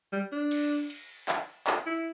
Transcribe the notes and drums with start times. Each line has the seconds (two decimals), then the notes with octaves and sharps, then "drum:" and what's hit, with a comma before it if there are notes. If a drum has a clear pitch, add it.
0.13 G3
0.32 D4
0.51 drum: cymbal
0.90 drum: cymbal
1.28 drum: clap
1.67 drum: clap
1.86 E4